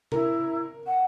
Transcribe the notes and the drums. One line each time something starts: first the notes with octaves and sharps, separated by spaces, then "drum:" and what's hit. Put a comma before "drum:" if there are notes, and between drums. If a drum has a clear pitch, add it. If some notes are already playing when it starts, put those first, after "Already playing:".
E4 A#4, drum: tom C3
F#5